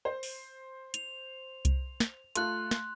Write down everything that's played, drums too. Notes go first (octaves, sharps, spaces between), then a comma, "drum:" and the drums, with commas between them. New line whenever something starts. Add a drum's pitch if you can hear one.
C5
drum: open hi-hat
F7, drum: hi-hat
drum: kick C2, hi-hat
drum: snare
A3 F4 C6 F#6, drum: hi-hat
drum: snare